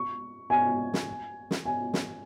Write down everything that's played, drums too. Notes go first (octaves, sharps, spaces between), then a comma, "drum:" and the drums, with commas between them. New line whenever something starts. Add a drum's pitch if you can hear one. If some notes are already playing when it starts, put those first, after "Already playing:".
Already playing: C#6
G#5
drum: snare
drum: snare
G#5
drum: snare